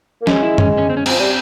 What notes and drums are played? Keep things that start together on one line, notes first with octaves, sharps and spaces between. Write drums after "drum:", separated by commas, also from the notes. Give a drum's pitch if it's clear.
A#3
G#3 C#4, drum: snare
E4
C#4, drum: tom F#2
C#4
C4
C#4
F3 C4, drum: cymbal
G3 C4